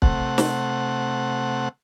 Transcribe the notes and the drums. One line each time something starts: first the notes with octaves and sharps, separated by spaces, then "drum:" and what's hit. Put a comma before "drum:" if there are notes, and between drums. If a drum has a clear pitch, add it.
C3 A3 F#5, drum: kick
drum: snare